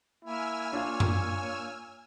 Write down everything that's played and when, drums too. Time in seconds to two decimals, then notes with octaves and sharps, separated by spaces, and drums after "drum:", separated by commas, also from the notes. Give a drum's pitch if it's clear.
0.25 A#3 E4 G#5 E6 F6
0.73 D4 F4 C#5 F5
1.00 drum: tom F#2